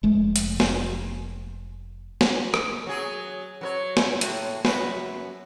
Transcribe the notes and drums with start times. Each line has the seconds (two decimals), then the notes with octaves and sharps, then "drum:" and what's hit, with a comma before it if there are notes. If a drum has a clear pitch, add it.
0.03 F1 G#3 A3
0.36 drum: hi-hat
0.60 drum: snare
2.21 drum: snare
2.54 drum: rim click
2.87 F#3 G#4
3.61 F#3 A#4 C#5
3.97 E4, drum: snare
4.21 A2, drum: hi-hat
4.65 F#2 F#4 B4, drum: snare